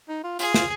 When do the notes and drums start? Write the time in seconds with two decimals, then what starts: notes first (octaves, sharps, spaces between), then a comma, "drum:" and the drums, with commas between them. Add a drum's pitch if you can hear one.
0.09 D#4
0.24 F4
0.39 F4 G#4, drum: tambourine
0.54 F4, drum: snare